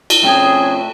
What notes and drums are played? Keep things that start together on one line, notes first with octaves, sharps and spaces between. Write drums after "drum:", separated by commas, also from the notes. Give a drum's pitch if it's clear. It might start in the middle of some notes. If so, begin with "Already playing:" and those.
drum: cymbal
F3 A3 C4 C#4 G#4 A4 G5